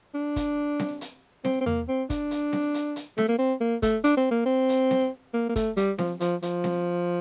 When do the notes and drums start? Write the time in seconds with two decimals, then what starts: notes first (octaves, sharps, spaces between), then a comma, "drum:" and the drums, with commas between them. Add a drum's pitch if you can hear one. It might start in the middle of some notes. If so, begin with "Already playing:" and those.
0.14 D4
0.36 drum: kick, hi-hat
0.80 drum: snare C4
1.01 drum: hi-hat
1.45 C4, drum: snare C4
1.61 C4
1.66 A#3, drum: tom E2
1.88 C4
2.10 D4, drum: kick, hi-hat
2.31 drum: hi-hat
2.53 drum: snare C4
2.74 drum: hi-hat
2.96 drum: hi-hat
3.18 A3, drum: snare C4
3.28 A#3
3.39 C4
3.61 A#3
3.82 A3, drum: kick, hi-hat
4.04 D4, drum: hi-hat
4.17 C4
4.31 A#3
4.46 C4
4.69 drum: hi-hat
4.91 drum: snare C4
5.34 A#3
5.49 A#3
5.56 A3, drum: kick, hi-hat
5.77 G3, drum: hi-hat
5.98 F3, drum: snare C4
6.21 F3, drum: hi-hat
6.43 F3, drum: hi-hat
6.64 drum: snare C4